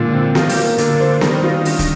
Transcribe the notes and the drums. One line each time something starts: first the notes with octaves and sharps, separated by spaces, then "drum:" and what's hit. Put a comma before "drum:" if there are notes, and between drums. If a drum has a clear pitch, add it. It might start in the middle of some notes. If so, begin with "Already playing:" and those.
Already playing: A#2 D3 G#3 F4
C4
D#3 F4, drum: snare B3
G3, drum: open hi-hat
A#3
D3 A#3, drum: hi-hat
C5
D#3 G3, drum: snare B3
F4
D3, drum: open hi-hat
drum: kick, hi-hat